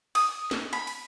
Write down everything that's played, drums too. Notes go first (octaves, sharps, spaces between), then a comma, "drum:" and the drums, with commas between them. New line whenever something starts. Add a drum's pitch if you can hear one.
D#6, drum: cymbal
drum: snare
B5
drum: cymbal